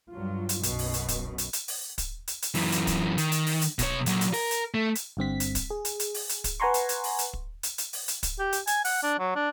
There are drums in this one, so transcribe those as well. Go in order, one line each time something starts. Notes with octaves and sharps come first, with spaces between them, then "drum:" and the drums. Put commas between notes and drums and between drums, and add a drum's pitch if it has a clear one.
G2 F#3 F4
drum: hi-hat
B1 F#2 B2, drum: hi-hat
drum: open hi-hat
drum: hi-hat
drum: kick, hi-hat
drum: hi-hat
drum: hi-hat
drum: open hi-hat
drum: kick, hi-hat
drum: hi-hat
drum: hi-hat
F#2 E3, drum: open hi-hat
drum: hi-hat
drum: kick, hi-hat
D#3, drum: hi-hat
drum: hi-hat
drum: open hi-hat
drum: hi-hat
B2 C#5, drum: kick, hi-hat
A#2 F#3, drum: hi-hat
drum: hi-hat
A#4, drum: open hi-hat
drum: hi-hat
A3
drum: hi-hat
G1 G2 C4 B6
drum: hi-hat
drum: kick, hi-hat
G#4
drum: hi-hat
drum: hi-hat
drum: open hi-hat
drum: hi-hat
drum: kick, hi-hat
B4 F#5 G#5 A#5 C6 C#6
drum: hi-hat
drum: hi-hat
drum: open hi-hat
drum: hi-hat
drum: kick
drum: hi-hat
drum: hi-hat
drum: open hi-hat
drum: hi-hat
drum: kick, hi-hat
G4
drum: hi-hat
G#5, drum: hi-hat
F#5, drum: open hi-hat
D4
F#3
D4